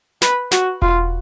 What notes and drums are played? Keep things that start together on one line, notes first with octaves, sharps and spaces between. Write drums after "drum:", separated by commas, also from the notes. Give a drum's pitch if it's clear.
B4, drum: snare
F#4, drum: snare
F4, drum: kick E1